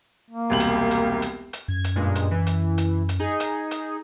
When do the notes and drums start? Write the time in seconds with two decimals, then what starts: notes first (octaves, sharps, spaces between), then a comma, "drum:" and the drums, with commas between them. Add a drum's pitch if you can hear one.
0.31 A#3
0.50 E1 C2 F#7
0.60 drum: hi-hat
0.91 drum: hi-hat
1.22 drum: hi-hat
1.53 drum: hi-hat
1.68 F#2 G#6
1.84 drum: hi-hat
1.96 G2 A#2 G#3
2.15 drum: hi-hat
2.31 E3
2.47 drum: hi-hat
2.78 drum: hi-hat
3.09 drum: hi-hat
3.19 D#4 G#4
3.40 drum: hi-hat
3.71 drum: hi-hat